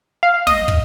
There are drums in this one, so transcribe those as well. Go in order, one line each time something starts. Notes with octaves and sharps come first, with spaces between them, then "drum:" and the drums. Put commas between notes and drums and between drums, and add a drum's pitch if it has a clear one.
F5
D#5, drum: snare
drum: kick